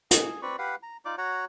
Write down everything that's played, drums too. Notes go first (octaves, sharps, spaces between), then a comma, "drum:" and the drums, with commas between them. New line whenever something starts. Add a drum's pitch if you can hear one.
G#4, drum: hi-hat
C4 B4 D5 C#6
G4 B4 F5 F#5
A#5
D#4 F4 D5 D6
F#4 C#5 F#5 A#5